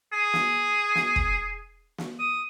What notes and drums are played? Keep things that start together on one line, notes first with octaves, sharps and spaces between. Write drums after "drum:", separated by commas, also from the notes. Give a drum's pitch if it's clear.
G#4
drum: snare
drum: snare
drum: kick
drum: snare
D#6